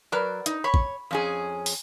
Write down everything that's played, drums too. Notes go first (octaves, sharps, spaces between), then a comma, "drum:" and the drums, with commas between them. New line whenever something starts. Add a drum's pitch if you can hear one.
F#3 A#4 B4 D5
D#4, drum: hi-hat
C#5 B5 C#6
drum: kick
F2 C#4 G#4
drum: open hi-hat